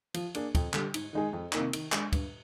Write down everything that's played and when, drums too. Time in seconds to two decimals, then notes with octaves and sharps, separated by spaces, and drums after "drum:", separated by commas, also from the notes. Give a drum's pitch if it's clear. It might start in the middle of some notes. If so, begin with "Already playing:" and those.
0.14 F3, drum: cymbal
0.35 A#3 D4 G#4, drum: cymbal
0.55 F2, drum: kick, cymbal
0.74 D3 G3, drum: clap
0.94 G#2, drum: cymbal
1.13 D#3 G#3 D#4 G#4
1.33 F2
1.53 C3 D#3 A#3 D#4, drum: clap
1.73 D#3, drum: cymbal
1.92 G#3 D4, drum: clap
2.13 G2, drum: kick, cymbal